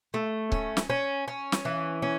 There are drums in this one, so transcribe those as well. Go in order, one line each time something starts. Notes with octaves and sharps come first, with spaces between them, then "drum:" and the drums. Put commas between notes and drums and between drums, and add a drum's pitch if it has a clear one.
A3
C#4, drum: kick C#1
drum: snare
C#4
C#4
drum: snare
E3
C#4